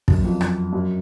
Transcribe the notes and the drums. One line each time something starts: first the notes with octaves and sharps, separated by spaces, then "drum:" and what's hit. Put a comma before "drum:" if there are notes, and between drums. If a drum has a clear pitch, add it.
F#2, drum: kick
F2
drum: rim click
F#2